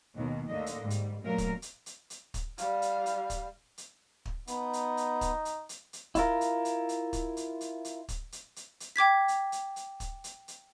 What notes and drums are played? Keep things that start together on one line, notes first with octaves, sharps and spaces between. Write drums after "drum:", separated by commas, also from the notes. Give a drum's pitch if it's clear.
D#2 B2 D#3
D#2 D3 A3 A#3 D#5
drum: hi-hat
G#2 G3
drum: hi-hat
F#2 A#2 A3 A#3 A#4
drum: kick, hi-hat
drum: hi-hat
drum: hi-hat
drum: hi-hat
drum: kick, hi-hat
G3 F5, drum: hi-hat
drum: hi-hat
drum: hi-hat
drum: kick, hi-hat
drum: hi-hat
drum: kick
B3 D#4, drum: hi-hat
drum: hi-hat
drum: hi-hat
drum: kick, hi-hat
drum: hi-hat
drum: hi-hat
drum: hi-hat
E4 F4 A#4, drum: kick, hi-hat
drum: hi-hat
drum: hi-hat
drum: hi-hat
drum: kick, hi-hat
drum: hi-hat
drum: hi-hat
drum: hi-hat
drum: kick, hi-hat
drum: hi-hat
drum: hi-hat
drum: hi-hat
G5 D6 G#6 B6
drum: hi-hat
drum: hi-hat
drum: hi-hat
drum: kick, hi-hat
drum: hi-hat
drum: hi-hat